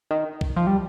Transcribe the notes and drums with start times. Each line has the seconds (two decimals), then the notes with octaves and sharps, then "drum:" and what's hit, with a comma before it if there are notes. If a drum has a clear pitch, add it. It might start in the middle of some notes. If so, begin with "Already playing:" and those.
0.11 D#3
0.41 drum: kick
0.56 F3
0.67 G3